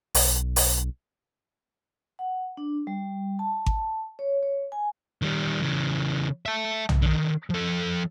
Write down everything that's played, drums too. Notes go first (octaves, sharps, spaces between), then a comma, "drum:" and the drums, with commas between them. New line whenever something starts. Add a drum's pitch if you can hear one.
B1, drum: open hi-hat
drum: open hi-hat
F#5
D4
G3
A5
drum: kick G#1
C#5
C#5
G#5
D#3 G3
C#3 E3
E5 A5
drum: tom B1
D3 D#3
F3 A4